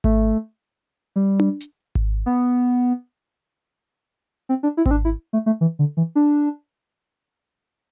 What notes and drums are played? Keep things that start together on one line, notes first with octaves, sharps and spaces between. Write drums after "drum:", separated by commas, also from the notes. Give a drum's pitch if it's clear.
A3, drum: kick G#1
G3
drum: tom D4
drum: hi-hat
drum: kick G#1
B3
C4
D4
E4
C4, drum: kick G#1
D4
E4
A3
A3
E3
D3
E3
D4